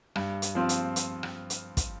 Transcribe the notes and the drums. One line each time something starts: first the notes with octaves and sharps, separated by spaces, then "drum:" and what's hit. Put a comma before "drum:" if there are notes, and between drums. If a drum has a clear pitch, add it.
G2, drum: rim click
drum: hi-hat
F3 C4 F4
drum: hi-hat
drum: hi-hat
drum: rim click
drum: hi-hat
drum: kick, hi-hat